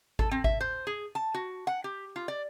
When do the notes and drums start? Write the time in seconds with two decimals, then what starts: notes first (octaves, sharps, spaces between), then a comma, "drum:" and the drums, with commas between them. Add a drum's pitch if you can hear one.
0.19 A4, drum: kick G#1
0.31 C4
0.44 E5, drum: kick G#1
0.61 C5
0.87 G#4
1.15 A5
1.34 F#4
1.67 F#5
1.84 G4
2.16 F4
2.28 D5